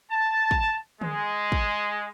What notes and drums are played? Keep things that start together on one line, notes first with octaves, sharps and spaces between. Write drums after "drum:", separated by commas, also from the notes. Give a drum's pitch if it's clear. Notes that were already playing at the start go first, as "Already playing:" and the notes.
A5
drum: kick
G#3, drum: tom D3
drum: kick